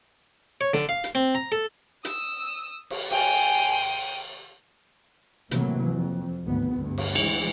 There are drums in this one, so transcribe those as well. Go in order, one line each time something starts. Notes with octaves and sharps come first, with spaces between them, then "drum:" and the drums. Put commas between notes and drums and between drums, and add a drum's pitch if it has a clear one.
C#5
D3, drum: snare
F5
drum: hi-hat
C4
A#5
A4
D#6 E6, drum: hi-hat
drum: cymbal
G5 G#5 D#7, drum: cymbal
A2 C3 E3 F#3 A#3, drum: hi-hat
F2
G#1 D2 B3
D2 G2
drum: cymbal
E3 G#3, drum: cymbal